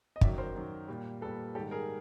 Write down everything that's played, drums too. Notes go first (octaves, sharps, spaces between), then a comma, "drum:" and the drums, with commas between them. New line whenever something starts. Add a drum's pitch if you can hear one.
D#5
F#2 D#3 F#3 D5 E5, drum: kick
A#4 C5
F#2 D#3 F#3
A#2 G3
A#2 G3 A4 B4
G#2 D#3 G3 G4 A4
G#4 A#4